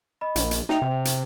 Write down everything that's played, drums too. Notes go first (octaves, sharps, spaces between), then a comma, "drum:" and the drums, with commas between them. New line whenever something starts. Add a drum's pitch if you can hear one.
D#5 B5
A#1, drum: hi-hat
drum: hi-hat
D#4 E5 G5 F7, drum: snare
C3
drum: hi-hat